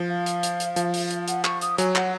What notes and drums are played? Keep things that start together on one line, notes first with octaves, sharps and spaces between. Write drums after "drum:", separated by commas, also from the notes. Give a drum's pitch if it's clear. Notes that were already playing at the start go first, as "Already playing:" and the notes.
Already playing: F3
F5
drum: hi-hat
drum: hi-hat
drum: hi-hat
F3, drum: hi-hat
drum: open hi-hat
drum: hi-hat
F#5, drum: hi-hat
C#6, drum: clap
D#6, drum: hi-hat
F#3 G#5, drum: hi-hat
F#5, drum: clap